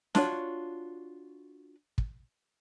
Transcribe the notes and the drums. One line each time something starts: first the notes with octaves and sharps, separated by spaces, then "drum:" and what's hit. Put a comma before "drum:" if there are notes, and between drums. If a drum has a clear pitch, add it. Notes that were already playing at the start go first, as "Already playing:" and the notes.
D4 F4 F#4 C#5, drum: snare
drum: kick